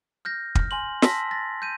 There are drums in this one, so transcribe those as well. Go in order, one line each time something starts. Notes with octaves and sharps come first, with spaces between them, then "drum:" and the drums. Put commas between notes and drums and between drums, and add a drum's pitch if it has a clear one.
F6 G6 A#6
F6, drum: kick
G#5 C6 F#7
A5 C6 E6 A#6 B6, drum: snare
A6 A#6
G6 D#7